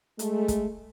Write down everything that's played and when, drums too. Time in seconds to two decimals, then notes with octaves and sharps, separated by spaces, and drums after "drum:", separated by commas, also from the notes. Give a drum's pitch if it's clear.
0.19 G#3 A3, drum: hi-hat
0.48 drum: kick, hi-hat